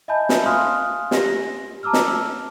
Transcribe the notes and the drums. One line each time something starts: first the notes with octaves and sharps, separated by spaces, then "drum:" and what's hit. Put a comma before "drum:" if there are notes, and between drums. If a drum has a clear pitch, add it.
D#5 E5 G#5 A5 B5 G6
drum: snare
F5 G#5 C6 D#6 F6 F#6
G4 A#6, drum: snare
A5 A#5 D6 E6 F6
drum: snare